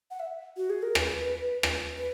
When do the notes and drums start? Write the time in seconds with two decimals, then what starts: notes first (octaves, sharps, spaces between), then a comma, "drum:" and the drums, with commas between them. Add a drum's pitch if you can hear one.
0.11 F#5
0.20 E5
0.57 F#4
0.70 G#4
0.83 A#4
0.95 B4, drum: rim click
1.63 drum: rim click
1.98 B4